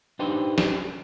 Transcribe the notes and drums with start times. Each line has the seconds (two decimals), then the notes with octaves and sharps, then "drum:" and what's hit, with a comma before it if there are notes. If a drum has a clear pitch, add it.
0.19 D4 D#4 G4 B4 C5
0.58 drum: snare